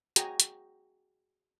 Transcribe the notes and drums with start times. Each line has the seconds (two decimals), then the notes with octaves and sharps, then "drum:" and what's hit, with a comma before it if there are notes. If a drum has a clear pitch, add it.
0.16 F#4 G#4 G5 G#5 A#5, drum: hi-hat
0.40 drum: hi-hat